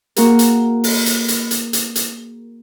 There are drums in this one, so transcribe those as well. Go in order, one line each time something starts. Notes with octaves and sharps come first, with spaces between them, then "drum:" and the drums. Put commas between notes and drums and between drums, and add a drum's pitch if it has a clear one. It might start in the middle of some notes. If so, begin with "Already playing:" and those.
A#3 F#4 G#4 A#4, drum: hi-hat
drum: hi-hat
drum: open hi-hat
drum: hi-hat
drum: hi-hat
drum: hi-hat
drum: hi-hat
drum: hi-hat